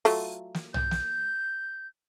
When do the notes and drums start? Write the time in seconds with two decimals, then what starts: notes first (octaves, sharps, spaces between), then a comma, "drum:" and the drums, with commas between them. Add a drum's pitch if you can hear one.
0.05 F#3 A3 F4, drum: open hi-hat
0.54 drum: snare
0.74 G6, drum: tom B1
0.91 drum: snare